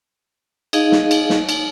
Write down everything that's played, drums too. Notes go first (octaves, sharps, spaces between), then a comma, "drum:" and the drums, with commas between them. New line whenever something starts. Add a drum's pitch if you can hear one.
D#4 G#4 D#5 F5, drum: cymbal
drum: snare
drum: cymbal
drum: snare
drum: cymbal